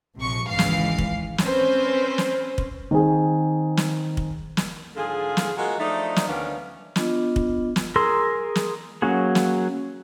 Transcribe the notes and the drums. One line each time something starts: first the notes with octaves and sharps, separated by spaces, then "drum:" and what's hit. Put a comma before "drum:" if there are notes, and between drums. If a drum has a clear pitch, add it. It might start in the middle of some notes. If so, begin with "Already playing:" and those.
A#1 C3 F3 C#6
G#1 C#2 E3 F5 C7
drum: snare
drum: kick
C4 C#4 B4 C5, drum: snare
drum: snare
drum: kick
D#3 C4 G#4
drum: snare
drum: kick
drum: snare
G#2 D3 F4 G#4
drum: snare
G#3 A#3 D#4 F4 F#4
F3 A3 D4 D#4
drum: snare
D2 D#3 B3 C#4 D4 F5
B3 D4 F4 D#5, drum: snare
drum: kick
drum: snare
G#4 A#4 C6 E6
drum: snare
F#3 A#3 C#4 F#4 G#4
drum: snare